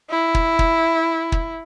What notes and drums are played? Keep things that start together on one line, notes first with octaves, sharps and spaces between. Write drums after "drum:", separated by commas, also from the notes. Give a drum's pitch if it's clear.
E4
drum: kick
drum: kick
drum: kick